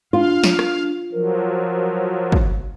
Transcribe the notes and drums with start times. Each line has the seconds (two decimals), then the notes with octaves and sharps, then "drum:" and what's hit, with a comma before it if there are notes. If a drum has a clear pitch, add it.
0.13 D4 F4 F5
0.44 drum: snare
0.59 drum: rim click
1.12 F3 F#3 A#4
2.32 drum: kick